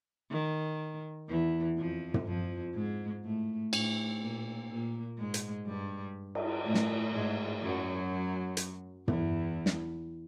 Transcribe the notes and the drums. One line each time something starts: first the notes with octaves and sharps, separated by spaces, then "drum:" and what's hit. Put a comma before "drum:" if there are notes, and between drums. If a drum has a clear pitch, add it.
D#3
E2 E3
F2 F3
drum: tom
F2 F3
G#2 G#3
A2 A3
A2 A3, drum: cymbal
A#2 A#3
A#2 A#3
G#2 G#3
drum: hi-hat
G2 G3
drum: cymbal
A2 A3
drum: snare
G#2 G#3
F#2 F#3
drum: hi-hat
E2 E3, drum: tom
drum: snare